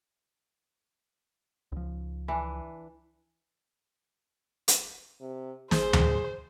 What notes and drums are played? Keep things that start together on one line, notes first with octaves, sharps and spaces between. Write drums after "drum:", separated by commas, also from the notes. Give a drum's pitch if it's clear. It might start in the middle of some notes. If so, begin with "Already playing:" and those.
C#2 F3
E3 D4
drum: hi-hat
C3
G#4 C5, drum: snare
drum: tom D2